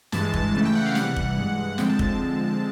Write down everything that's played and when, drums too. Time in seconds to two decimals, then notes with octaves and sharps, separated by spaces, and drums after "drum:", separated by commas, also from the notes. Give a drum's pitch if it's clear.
0.12 G2 E3 G#3 A5, drum: snare
0.34 drum: kick
0.54 C#3 E3 A3 A5
0.65 G5
0.75 F#5
0.86 F5
0.95 C3 E3 G3 F#5, drum: snare
1.16 drum: kick
1.37 G2 E3 G#3
1.78 D3 F3 G#3 C4 G5, drum: snare
1.89 A5
1.99 drum: kick